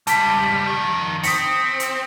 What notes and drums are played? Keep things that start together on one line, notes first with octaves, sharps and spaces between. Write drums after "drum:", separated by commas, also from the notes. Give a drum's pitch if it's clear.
C#2 G3 A5 B6, drum: hi-hat
F2 D#3
C4 D#6 B6 C#7, drum: open hi-hat
drum: hi-hat